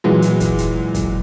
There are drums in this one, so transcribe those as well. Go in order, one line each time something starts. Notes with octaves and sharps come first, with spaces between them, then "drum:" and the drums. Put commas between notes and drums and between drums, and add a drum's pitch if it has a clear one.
A#2 E3 F#3 G#3
drum: hi-hat
drum: kick, hi-hat
drum: hi-hat
drum: kick, hi-hat